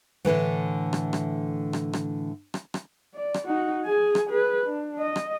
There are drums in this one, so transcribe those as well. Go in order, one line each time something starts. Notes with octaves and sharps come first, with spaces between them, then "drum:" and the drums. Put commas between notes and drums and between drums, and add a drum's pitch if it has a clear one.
A2 D3 E3 F#3
drum: rim click
drum: rim click
drum: rim click
drum: rim click
drum: rim click
drum: rim click
D5
drum: rim click
D#4 F#4
G#4 G#5
drum: rim click
G#4 B4
D4
D#5
drum: rim click